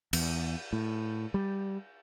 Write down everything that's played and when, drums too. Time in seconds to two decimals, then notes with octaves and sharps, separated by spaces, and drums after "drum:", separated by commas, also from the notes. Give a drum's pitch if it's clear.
0.13 E2, drum: cymbal
0.73 A2
1.34 G3